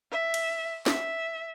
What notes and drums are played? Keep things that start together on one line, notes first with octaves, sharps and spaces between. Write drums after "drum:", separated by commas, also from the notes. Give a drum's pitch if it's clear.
E5
drum: cymbal
E5, drum: snare